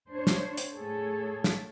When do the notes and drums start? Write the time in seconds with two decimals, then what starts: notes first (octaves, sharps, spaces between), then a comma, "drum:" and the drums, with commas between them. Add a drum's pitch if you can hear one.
0.13 D4 C5 C#5
0.27 drum: snare
0.57 drum: hi-hat
0.74 A2 A3 G#4 A4 C#5
1.44 drum: snare